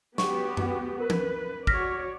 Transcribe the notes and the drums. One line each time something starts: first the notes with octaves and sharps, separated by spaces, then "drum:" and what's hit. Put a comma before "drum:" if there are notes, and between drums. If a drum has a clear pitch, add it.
B3 F#4 G4 C#6, drum: snare
drum: tom F#2
A#4 B4
drum: tom E3
F#4 C#5 D5 F6 A#6 B6, drum: kick